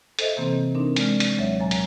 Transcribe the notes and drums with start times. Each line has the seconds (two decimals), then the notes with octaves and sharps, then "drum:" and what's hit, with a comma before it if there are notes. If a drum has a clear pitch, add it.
0.19 A4 C5 D#5 E5, drum: hi-hat
0.37 C3 E3 A#3 C4
0.75 C4 D4 D#4 A#4
0.96 G#3 D5 F6, drum: hi-hat
1.20 drum: hi-hat
1.38 D#2 F#3 C#5 E5
1.60 A#2 F#3 C#5 G#5 A#5
1.71 drum: hi-hat